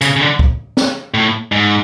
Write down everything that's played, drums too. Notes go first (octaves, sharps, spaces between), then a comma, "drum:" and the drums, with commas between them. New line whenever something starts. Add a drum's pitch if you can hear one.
C#3, drum: hi-hat
C#3
D3
drum: kick
drum: snare
A2
G#2